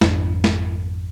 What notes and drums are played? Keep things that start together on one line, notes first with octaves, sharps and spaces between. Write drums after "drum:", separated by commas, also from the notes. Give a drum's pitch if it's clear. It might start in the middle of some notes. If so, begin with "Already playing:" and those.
G#1 F2 D#3 D4, drum: snare
drum: snare